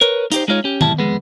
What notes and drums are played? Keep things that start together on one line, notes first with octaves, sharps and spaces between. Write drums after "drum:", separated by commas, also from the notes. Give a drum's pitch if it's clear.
A#4 B4 C#5
D#4 G4 C5, drum: hi-hat
G#3 D#4 F4 C#5
C#4 G4
B1 G#2 E4 G4 A5, drum: tom D#3
F2 G#3 B3